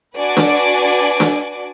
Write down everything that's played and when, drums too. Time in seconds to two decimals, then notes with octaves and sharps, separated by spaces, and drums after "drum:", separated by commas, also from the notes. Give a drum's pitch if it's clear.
0.16 D4 F#4 B4 D5 G#5 D6
0.37 drum: snare D4
1.20 drum: snare D4